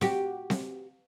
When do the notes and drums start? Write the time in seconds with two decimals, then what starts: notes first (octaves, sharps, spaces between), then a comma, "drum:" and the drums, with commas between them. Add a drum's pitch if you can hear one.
0.01 F#4 G4, drum: snare C4
0.50 drum: snare C4